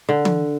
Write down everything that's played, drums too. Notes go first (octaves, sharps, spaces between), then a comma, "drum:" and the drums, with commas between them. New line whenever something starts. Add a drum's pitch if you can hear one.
D3
drum: tom E3